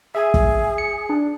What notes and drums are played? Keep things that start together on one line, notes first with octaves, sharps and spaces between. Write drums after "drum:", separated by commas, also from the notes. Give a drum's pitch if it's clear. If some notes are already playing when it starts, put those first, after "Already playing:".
G#4 E5 G#5
drum: kick
C#7
D4